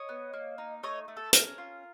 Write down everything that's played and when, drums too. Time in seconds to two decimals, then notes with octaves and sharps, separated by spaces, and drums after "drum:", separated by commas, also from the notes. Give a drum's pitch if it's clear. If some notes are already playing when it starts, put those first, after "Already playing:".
Already playing: C#5 D#5
0.09 B3
0.33 A#3
0.58 D#4
0.83 A3 C#5 D#5
1.08 A3
1.17 A4
1.33 C#4 A#4, drum: hi-hat
1.58 F4